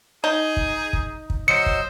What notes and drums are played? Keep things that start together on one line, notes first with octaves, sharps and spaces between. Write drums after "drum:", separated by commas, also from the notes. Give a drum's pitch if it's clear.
D#4 G#4
drum: kick
drum: kick
drum: kick
F#3 C5 D#5 E6 C#7
drum: kick